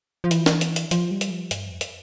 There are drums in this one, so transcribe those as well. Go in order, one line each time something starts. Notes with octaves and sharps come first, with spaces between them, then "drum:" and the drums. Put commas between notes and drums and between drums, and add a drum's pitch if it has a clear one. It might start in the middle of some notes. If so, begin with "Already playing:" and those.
F3
E3, drum: hi-hat
drum: snare
drum: hi-hat
drum: hi-hat
F3, drum: hi-hat
G3
drum: hi-hat
F3
G2, drum: hi-hat
F2
drum: hi-hat